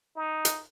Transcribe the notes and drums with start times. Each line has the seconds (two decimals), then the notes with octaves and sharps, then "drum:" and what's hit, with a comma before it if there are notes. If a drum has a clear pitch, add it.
0.16 D#4
0.45 drum: hi-hat